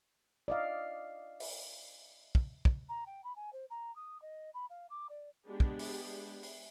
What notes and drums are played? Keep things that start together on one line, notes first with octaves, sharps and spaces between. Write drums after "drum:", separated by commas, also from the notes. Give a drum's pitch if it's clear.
D5 D#5 F5
drum: open hi-hat
drum: kick
drum: kick
A#5
G5
B5
G#5
C5
A#5
D#6
D#5
B5
F5
D6
D5
G#3 B3 D4 G4
drum: kick
drum: open hi-hat
drum: open hi-hat